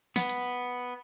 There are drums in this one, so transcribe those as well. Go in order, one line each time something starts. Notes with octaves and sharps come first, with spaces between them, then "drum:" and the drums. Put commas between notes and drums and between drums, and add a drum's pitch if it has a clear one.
B3, drum: snare
drum: hi-hat